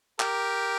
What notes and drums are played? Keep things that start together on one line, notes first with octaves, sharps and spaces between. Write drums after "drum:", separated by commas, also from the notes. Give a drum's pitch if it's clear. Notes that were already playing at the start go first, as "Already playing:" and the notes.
G4 A#4, drum: clap